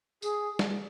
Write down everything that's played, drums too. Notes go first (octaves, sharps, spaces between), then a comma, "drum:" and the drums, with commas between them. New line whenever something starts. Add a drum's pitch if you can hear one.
G#4, drum: tambourine
drum: snare